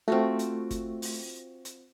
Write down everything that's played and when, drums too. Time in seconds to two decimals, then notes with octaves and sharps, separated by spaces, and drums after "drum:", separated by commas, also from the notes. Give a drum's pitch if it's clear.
0.08 A3 C4 F4 F#4
0.39 drum: hi-hat
0.71 drum: kick G1, hi-hat
1.02 drum: open hi-hat
1.65 drum: hi-hat